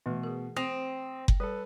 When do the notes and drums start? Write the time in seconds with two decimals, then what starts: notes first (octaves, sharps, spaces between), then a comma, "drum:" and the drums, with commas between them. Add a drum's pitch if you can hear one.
0.06 B2 E3 A3
0.23 G#4 A#4
0.57 C4 D#6 A#6 F7
1.28 drum: kick F#1
1.40 G3 A4 B4